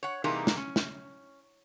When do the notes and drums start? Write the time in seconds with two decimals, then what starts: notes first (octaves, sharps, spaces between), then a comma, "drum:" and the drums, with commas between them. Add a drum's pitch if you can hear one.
0.03 C#5 F#5
0.24 C3 E3 G3 A#3 D#4 G#4
0.47 drum: snare
0.57 C#4
0.76 drum: snare